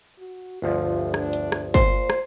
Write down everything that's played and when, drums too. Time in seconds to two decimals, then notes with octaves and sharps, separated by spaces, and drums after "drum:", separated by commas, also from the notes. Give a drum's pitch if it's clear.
0.19 F#4
0.62 G1 D2 F3 F4
1.14 D4, drum: rim click
1.33 drum: hi-hat
1.52 drum: rim click
1.74 A#2 C5, drum: kick, open hi-hat
2.10 drum: rim click